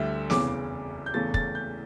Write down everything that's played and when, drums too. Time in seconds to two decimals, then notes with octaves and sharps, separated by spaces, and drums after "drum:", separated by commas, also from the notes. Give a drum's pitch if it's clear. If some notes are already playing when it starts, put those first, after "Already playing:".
Already playing: D2 D3 G3 E5
0.30 F1 E2 C#3 E3 D6, drum: snare
1.06 G6
1.14 E2 C#3 E3 A3 A6
1.34 A6, drum: kick
1.55 G6